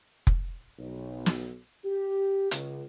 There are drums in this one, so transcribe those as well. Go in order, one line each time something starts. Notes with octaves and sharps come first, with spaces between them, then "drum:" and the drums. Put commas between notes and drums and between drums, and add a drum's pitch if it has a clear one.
drum: kick F1
B1
drum: snare
G4
C#2, drum: hi-hat